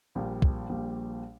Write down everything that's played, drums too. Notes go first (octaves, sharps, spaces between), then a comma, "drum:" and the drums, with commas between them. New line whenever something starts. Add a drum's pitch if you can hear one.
A#1 A#2 G3
drum: kick
A#1 A#2 G3